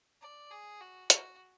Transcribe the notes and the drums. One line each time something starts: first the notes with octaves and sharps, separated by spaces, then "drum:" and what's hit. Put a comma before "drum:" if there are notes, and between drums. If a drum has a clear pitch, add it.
D5
G#4
F#4
F#4, drum: hi-hat